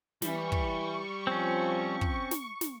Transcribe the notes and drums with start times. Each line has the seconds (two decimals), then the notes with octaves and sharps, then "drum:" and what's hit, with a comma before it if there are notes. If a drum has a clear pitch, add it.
0.22 E3 G3 C#6, drum: snare
0.52 drum: kick
1.27 F3 C4 C#4
2.01 drum: kick
2.31 drum: snare
2.61 drum: snare